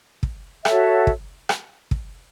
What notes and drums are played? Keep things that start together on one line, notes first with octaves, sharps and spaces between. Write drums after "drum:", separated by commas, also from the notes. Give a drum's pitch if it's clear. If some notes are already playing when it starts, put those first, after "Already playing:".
drum: kick
F#4 A4 C#5 E5, drum: rim click
drum: kick
drum: rim click
drum: kick